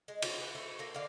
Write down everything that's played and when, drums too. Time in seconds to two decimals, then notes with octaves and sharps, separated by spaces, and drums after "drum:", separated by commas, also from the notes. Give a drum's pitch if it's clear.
0.08 G#3
0.22 F3 C#4 F4, drum: cymbal
0.38 G#4 B4
0.55 A3
0.79 A3 A#3
0.94 D3 D5 F5